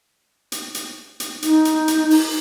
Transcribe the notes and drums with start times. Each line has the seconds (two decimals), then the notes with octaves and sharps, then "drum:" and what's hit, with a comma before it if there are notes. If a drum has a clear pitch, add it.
0.52 drum: hi-hat
0.75 drum: hi-hat
1.20 drum: hi-hat
1.42 D#4, drum: hi-hat
1.65 drum: hi-hat
1.88 drum: hi-hat
2.10 drum: open hi-hat